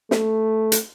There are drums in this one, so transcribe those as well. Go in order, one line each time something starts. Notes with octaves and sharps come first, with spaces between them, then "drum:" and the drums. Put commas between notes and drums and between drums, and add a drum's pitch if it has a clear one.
A3, drum: snare
drum: hi-hat